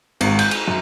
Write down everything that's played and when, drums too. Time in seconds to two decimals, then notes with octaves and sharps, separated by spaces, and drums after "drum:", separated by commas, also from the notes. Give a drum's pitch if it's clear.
0.21 G#1, drum: cymbal
0.39 G6, drum: cymbal
0.51 drum: cymbal
0.68 F#2